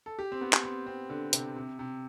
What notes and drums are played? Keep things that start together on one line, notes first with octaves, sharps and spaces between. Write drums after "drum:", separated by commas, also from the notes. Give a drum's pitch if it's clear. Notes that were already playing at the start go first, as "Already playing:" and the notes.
A4
G4
C4
B3
drum: clap
C4
C4
D3
C3, drum: hi-hat
C3
C3